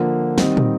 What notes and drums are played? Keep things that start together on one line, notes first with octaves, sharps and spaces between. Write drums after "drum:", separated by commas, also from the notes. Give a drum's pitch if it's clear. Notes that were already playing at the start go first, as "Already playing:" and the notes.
Already playing: D3 F3 A#3
D#3 G3 C4 D#4, drum: snare
drum: tom